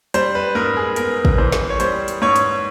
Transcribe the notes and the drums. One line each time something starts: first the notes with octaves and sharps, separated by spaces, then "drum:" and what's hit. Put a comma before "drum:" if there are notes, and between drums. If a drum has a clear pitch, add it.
G3 C5, drum: hi-hat
B4
G#2 A#4
G#4
B3 A#4, drum: hi-hat
drum: kick
E3 C5
drum: snare
C#5
G3 C5, drum: hi-hat
drum: hi-hat
G#2 C#5
drum: hi-hat